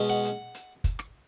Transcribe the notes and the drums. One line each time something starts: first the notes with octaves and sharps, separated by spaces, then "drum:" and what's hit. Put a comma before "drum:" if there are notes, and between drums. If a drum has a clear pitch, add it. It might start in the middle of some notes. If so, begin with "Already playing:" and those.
Already playing: B2 G#3 C#4
F#5
drum: hi-hat
drum: hi-hat
drum: kick, hi-hat
drum: rim click